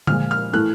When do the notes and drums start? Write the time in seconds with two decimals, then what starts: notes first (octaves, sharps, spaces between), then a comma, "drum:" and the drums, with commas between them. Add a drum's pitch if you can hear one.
0.07 A#2 F3 G#3 F6, drum: tom D3
0.31 F6
0.53 A2 E3 A3 F#6